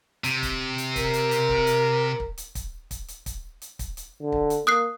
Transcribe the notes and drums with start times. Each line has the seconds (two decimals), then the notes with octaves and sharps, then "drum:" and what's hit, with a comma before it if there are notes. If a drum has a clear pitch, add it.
0.24 C3, drum: hi-hat
0.43 drum: kick, hi-hat
0.78 drum: hi-hat
0.96 A#4, drum: kick, hi-hat
1.14 drum: hi-hat
1.31 drum: hi-hat
1.49 drum: kick
1.67 drum: hi-hat
2.20 drum: kick
2.38 drum: hi-hat
2.55 drum: kick, hi-hat
2.91 drum: kick, hi-hat
3.08 drum: hi-hat
3.26 drum: kick, hi-hat
3.62 drum: hi-hat
3.79 drum: kick, hi-hat
3.97 drum: hi-hat
4.21 D3
4.32 drum: kick
4.50 drum: hi-hat
4.67 A#3 D#6 F#6 C7